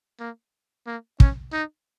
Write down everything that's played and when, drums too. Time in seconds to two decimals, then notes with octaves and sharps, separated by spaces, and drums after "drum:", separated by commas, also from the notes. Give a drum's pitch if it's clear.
0.20 A#3
0.86 A#3
1.20 C#4, drum: kick
1.53 D#4